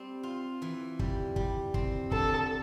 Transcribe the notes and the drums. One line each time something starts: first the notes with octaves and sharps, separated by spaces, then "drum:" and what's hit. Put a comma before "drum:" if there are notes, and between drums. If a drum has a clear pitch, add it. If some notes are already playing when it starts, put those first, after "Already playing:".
Already playing: G3 C4
F4
E3
G3, drum: kick
G3, drum: kick
C4, drum: kick
D3 A4, drum: kick